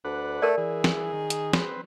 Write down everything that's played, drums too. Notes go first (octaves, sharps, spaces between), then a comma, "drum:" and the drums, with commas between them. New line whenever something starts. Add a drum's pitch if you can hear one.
D2 D4 B4 F#5
A3 A#4 D5
E3 G#4
drum: snare
D#3
drum: hi-hat
C4 B4, drum: snare